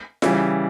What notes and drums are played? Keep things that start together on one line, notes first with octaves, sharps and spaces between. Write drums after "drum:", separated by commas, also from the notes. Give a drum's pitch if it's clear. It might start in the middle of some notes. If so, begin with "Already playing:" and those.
C#3 E3 G3, drum: snare F4